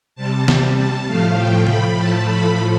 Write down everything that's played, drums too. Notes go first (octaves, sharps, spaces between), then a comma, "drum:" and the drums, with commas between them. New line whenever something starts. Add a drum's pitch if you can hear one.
C3 G3 A5
drum: snare
A5
A2 F3 A3 F5
G5
B5, drum: tom C3
A2 F3 A3 A5
B5